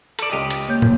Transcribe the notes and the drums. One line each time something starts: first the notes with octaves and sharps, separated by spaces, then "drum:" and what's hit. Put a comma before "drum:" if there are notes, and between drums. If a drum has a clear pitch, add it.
A4 D5, drum: hi-hat
C#2 G4 D#5
drum: hi-hat
A#3 C#5 G6
drum: tom